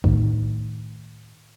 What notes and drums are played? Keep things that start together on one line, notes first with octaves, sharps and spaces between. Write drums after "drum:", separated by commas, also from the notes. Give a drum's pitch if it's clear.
A2 D#3, drum: kick